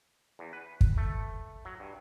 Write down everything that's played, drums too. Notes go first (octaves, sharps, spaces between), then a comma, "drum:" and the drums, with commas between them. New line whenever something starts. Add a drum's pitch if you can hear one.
E2
B4
drum: kick
A3
F#3
G2